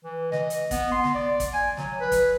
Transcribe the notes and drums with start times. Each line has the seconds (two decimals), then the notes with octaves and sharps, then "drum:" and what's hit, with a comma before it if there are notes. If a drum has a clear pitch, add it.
0.04 E3
0.32 D#5, drum: snare
0.50 drum: hi-hat
0.71 B3, drum: kick, hi-hat
0.92 C6
1.04 drum: snare
1.15 D5
1.40 drum: kick, hi-hat
1.53 G#5
1.77 F#3, drum: snare
2.00 B4
2.12 drum: kick, hi-hat